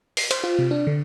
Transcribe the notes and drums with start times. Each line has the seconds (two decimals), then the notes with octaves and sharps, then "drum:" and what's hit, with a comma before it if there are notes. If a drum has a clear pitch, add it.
0.17 C7, drum: open hi-hat
0.31 C5, drum: cymbal
0.44 F4
0.59 C3
0.71 D4
0.87 D3